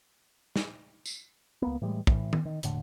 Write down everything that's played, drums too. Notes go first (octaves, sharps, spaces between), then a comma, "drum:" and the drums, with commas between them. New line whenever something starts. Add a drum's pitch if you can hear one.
drum: snare
drum: tambourine
C#2 A#3 B3
A2 E3 G3 G#3
A2 E3, drum: kick
drum: tom D#3
D#3
E1 A2 D3, drum: hi-hat